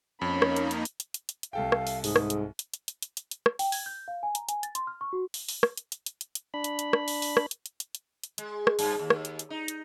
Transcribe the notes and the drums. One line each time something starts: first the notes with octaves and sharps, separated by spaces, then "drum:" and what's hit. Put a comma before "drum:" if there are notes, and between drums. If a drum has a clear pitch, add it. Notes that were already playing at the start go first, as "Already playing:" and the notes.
F2 A#3 C#4 D#4 B5
drum: rim click
drum: hi-hat
drum: hi-hat
drum: hi-hat
drum: hi-hat
drum: hi-hat
drum: hi-hat
drum: hi-hat
C2 A4 F5 G5
drum: rim click
drum: open hi-hat
G#2 G#4, drum: open hi-hat
drum: rim click
drum: hi-hat
drum: hi-hat
drum: hi-hat
drum: hi-hat
drum: hi-hat
drum: hi-hat
drum: hi-hat
drum: rim click
G5, drum: open hi-hat
G#6, drum: open hi-hat
G6
F5
G#5
A#5, drum: hi-hat
G#5, drum: hi-hat
A6, drum: hi-hat
C6, drum: hi-hat
F6
C#6
F#4
drum: open hi-hat
drum: open hi-hat
drum: rim click
drum: hi-hat
drum: hi-hat
drum: hi-hat
drum: hi-hat
drum: hi-hat
D4 B5
drum: hi-hat
drum: hi-hat
drum: rim click
drum: open hi-hat
drum: open hi-hat
drum: rim click
drum: hi-hat
drum: hi-hat
drum: hi-hat
drum: hi-hat
drum: hi-hat
G#3, drum: hi-hat
drum: rim click
G2, drum: open hi-hat
D#2
drum: rim click
drum: hi-hat
drum: hi-hat
D#4
drum: hi-hat